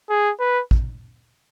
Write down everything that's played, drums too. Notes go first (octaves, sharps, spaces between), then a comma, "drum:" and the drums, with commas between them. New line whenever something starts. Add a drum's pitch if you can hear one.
G#4
B4
drum: kick A1